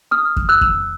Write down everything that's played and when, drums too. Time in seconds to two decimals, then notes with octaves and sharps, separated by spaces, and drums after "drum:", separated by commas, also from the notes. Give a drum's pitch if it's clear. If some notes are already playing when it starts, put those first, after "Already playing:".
0.11 D#6 F6
0.37 drum: kick F2
0.49 E6 F#6
0.61 drum: kick F2